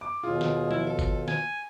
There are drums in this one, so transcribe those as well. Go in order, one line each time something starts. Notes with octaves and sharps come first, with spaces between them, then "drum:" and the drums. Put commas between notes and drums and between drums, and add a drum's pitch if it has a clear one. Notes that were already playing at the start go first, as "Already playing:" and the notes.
D6
D#2 B2 F4 G#4
drum: snare
E4, drum: tom F3
A4
drum: kick G1, tambourine
G#5, drum: snare